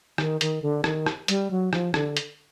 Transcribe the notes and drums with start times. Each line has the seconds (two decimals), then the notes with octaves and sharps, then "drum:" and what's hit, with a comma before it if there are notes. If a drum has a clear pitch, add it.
0.18 D#3, drum: rim click
0.41 D#3, drum: hi-hat
0.62 D3
0.84 D#3, drum: rim click
1.06 drum: rim click
1.28 G3, drum: hi-hat
1.51 F#3
1.73 F3, drum: rim click
1.94 D3, drum: rim click
2.17 drum: hi-hat